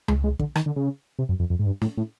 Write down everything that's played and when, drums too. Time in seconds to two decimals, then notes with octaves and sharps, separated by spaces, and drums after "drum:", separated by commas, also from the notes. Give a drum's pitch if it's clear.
0.08 G#3, drum: tom C#2
0.24 G#3
0.39 D3, drum: kick
0.56 D#3, drum: rim click
0.66 D3
0.76 C#3
1.19 C3
1.29 F#2
1.40 F2
1.50 F2
1.59 G#2
1.66 G2
1.82 A2, drum: snare
1.97 A2